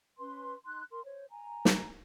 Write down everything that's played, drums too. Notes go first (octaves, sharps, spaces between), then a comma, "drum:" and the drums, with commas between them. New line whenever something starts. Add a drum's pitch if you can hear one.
C#4 B4 C6
D#4 C6 F#6
A#4 C6
C5 C#5
G#5 A#5
drum: snare